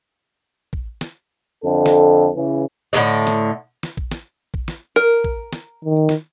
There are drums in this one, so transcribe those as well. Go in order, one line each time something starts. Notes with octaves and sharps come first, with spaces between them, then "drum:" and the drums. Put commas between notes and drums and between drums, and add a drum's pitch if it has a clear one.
drum: kick
drum: snare
F2 D3 A4
drum: snare
C#3 E3
A2 D3 F#3 D#5
drum: snare
drum: snare
drum: kick
drum: snare
drum: kick
drum: snare
A#4
drum: kick
drum: snare
D#3
drum: snare